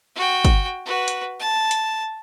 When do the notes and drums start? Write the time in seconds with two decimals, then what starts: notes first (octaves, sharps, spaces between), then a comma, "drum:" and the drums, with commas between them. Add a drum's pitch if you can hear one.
0.16 F#4 G5
0.45 drum: kick, hi-hat
0.86 F#4 B4
1.08 drum: hi-hat
1.39 A5
1.71 drum: hi-hat